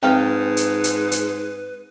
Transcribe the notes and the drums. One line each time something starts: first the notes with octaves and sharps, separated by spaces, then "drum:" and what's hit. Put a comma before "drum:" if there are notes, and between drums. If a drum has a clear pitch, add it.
G#2 F3 C4 B4 F5 G5
drum: hi-hat
drum: hi-hat
drum: hi-hat